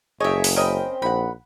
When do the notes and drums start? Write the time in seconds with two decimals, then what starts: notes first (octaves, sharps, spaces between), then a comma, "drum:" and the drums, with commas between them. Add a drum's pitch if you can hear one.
0.20 F#1 G4 G#4 C#5 D#5 E5
0.44 drum: open hi-hat
0.56 C4 C#4 A#4 D#5 G5 B5
1.02 A#1 D#4 F#5 B5